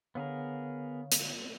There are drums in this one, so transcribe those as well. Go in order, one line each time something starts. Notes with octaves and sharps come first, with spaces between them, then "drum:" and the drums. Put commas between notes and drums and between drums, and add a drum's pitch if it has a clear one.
D3 B3 G#4 A#4 C#5 F5
drum: hi-hat